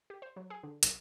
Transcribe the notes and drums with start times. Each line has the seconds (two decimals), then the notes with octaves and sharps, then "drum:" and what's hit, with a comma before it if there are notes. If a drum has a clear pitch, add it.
0.10 G4
0.22 C5
0.36 F#3
0.50 G#4
0.63 D3
0.83 B1, drum: hi-hat